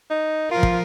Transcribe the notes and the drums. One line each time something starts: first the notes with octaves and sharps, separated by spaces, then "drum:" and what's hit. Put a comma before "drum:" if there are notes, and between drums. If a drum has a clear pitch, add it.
D#4
F3 F4 A#4
drum: kick